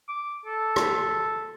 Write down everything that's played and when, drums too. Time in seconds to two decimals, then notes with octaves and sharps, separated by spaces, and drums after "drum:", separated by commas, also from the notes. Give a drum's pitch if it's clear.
0.09 D6
0.46 A4
0.76 drum: rim click